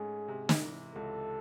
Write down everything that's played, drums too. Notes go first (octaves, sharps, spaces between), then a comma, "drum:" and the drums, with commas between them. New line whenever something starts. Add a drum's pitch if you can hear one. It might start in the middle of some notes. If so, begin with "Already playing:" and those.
Already playing: G#2 A3 C#4 G#4
C3
drum: snare
E3
C#2 A4